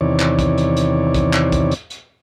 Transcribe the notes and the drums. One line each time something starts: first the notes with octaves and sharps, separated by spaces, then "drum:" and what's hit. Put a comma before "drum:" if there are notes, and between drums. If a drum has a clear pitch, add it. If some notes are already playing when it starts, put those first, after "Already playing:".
E2 C3 D#3 E3 C#5 D5
drum: clap
drum: kick, hi-hat
drum: hi-hat
drum: hi-hat
drum: kick, hi-hat
drum: clap
drum: kick, hi-hat
drum: hi-hat
drum: hi-hat